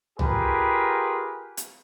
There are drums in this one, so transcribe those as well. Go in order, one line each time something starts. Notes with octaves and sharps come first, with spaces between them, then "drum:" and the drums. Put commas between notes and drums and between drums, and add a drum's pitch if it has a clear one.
F4 G4 G#4 A#4 B4, drum: tom
drum: hi-hat